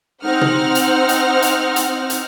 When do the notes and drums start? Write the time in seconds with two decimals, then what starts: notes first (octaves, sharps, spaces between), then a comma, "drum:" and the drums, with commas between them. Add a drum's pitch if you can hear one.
0.25 C4 D#4 F#5 F6
0.41 drum: tom
0.75 drum: hi-hat
1.09 drum: hi-hat
1.42 drum: hi-hat
1.76 drum: hi-hat
2.10 drum: hi-hat